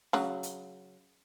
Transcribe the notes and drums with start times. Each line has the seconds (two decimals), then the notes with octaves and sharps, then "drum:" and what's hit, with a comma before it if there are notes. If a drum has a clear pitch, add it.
0.13 C#3 F#3, drum: snare D4
0.43 drum: hi-hat